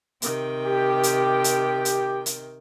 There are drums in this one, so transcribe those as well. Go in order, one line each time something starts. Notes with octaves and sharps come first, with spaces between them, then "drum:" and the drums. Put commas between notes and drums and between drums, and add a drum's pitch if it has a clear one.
C3 D#3 G5, drum: hi-hat
G4
drum: hi-hat
drum: hi-hat
drum: hi-hat
drum: hi-hat